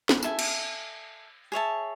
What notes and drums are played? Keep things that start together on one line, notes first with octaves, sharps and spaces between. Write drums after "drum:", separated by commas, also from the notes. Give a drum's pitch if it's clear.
drum: snare
A4 E5 G#5, drum: tambourine
drum: cymbal
G#4 C#5 E5 A5